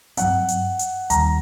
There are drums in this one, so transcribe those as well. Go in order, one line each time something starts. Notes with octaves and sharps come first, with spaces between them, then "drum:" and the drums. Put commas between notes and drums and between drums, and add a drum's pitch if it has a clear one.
G2 F#3 C4 F#5, drum: hi-hat
drum: hi-hat
drum: hi-hat
D#2 D#3 G3 A#5, drum: hi-hat